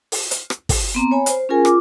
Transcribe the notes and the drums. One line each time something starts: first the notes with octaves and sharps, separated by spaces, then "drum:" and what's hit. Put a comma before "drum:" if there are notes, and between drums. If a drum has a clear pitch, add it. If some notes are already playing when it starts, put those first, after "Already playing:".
drum: open hi-hat
drum: hi-hat
drum: rim click
drum: kick, open hi-hat
B3 C4 A#5
C#5 G#5 B5
C5, drum: hi-hat
C#4 F4 G#4 A#4 G#5
F4 D6, drum: rim click